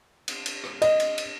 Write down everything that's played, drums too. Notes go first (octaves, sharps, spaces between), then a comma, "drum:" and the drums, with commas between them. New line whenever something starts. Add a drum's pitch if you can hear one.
drum: cymbal
drum: cymbal
drum: rim click
D#5, drum: cymbal
drum: cymbal
drum: cymbal